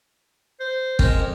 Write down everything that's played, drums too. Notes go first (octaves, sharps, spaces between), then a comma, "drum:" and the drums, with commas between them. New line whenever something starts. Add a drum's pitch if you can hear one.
C5
G#3 C4 A#4, drum: kick
F2